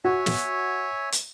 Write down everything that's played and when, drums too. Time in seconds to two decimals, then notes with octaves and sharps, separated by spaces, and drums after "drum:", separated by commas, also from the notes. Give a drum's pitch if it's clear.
0.04 F#4 C#5 E5 G#5
0.26 drum: snare
1.12 drum: hi-hat